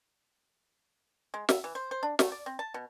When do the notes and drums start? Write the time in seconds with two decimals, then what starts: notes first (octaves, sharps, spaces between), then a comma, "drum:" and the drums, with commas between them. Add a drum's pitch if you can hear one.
1.34 G#3
1.49 E5, drum: snare
1.64 E3
1.75 C5
1.91 C5
2.03 D4
2.19 A3, drum: snare
2.32 D5
2.46 C4
2.59 A5
2.74 B2